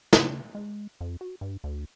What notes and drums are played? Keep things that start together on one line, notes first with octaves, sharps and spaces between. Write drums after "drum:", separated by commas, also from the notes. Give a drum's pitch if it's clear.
C#3, drum: snare
G#3
F2
F#4
G2
D2